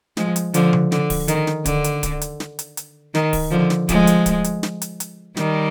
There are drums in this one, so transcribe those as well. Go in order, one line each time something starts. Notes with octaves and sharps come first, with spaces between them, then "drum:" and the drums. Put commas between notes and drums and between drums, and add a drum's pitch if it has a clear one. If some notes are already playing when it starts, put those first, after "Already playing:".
F3 G#3, drum: snare
drum: hi-hat
D3 F3, drum: hi-hat
drum: tom C#3
D3, drum: snare
drum: kick D1, open hi-hat
D#3, drum: hi-hat
drum: snare
D3, drum: kick D1, hi-hat
drum: hi-hat
drum: kick D1, hi-hat
drum: hi-hat
drum: snare
drum: hi-hat
drum: hi-hat
D#3, drum: snare
drum: kick D1, open hi-hat
D3 F3
drum: snare
F3 G#3, drum: kick D1, hi-hat
drum: hi-hat
drum: kick D1, hi-hat
drum: hi-hat
drum: snare
drum: hi-hat
drum: hi-hat
D#3 G3, drum: snare